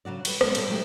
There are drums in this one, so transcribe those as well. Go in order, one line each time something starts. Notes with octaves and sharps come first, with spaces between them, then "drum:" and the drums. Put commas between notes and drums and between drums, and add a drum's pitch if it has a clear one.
C#3 F#3 F#4 D5
F#3 G3 B4, drum: cymbal
G#3 B3 C#4 D#4 A4 A#4, drum: rim click
A#2 G3 A4, drum: cymbal
D2 F#3 G#3 A3 G4